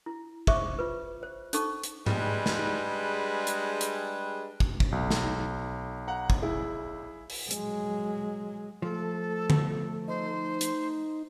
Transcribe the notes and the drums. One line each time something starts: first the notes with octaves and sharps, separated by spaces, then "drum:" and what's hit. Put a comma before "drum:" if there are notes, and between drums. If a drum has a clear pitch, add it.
E4
G#4 C5 E5 C#6 D6, drum: kick
F4 B4
C5
C#4 D#4 A4 C#6, drum: hi-hat
drum: hi-hat
G3 G#3 D4 G#4 B4, drum: tom G#2
drum: snare
drum: hi-hat
drum: hi-hat
drum: kick
drum: kick
B1
drum: snare
F#5 A#5
drum: kick
E4 G#4
drum: open hi-hat
F#3 G#3, drum: hi-hat
F3 A3 A4
drum: tom D3
D#4 C5
drum: hi-hat